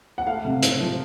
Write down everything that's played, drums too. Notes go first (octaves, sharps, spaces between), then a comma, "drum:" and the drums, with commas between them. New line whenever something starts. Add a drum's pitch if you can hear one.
F#5
A3 F5
C3
C3, drum: hi-hat
F3